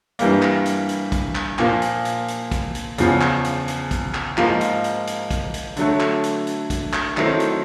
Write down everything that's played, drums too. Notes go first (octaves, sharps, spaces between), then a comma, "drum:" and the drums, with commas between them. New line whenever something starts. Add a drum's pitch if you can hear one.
G2 E3 G3 A#3, drum: hi-hat
drum: clap
drum: hi-hat
drum: hi-hat
drum: kick, hi-hat
drum: clap
A#2 F3 A#3, drum: clap
drum: hi-hat
drum: hi-hat
drum: hi-hat
drum: kick, hi-hat
drum: hi-hat
E2 C#3 F3, drum: hi-hat
drum: clap
drum: hi-hat
drum: hi-hat
drum: kick, hi-hat
drum: clap
G#2 F3 A#3, drum: clap
drum: hi-hat
drum: hi-hat
drum: hi-hat
drum: kick, hi-hat
drum: hi-hat
D3 F#3 A3, drum: hi-hat
drum: clap
drum: hi-hat
drum: hi-hat
drum: kick, hi-hat
drum: clap
D#3 F#3 A3 C4 E4, drum: clap
drum: hi-hat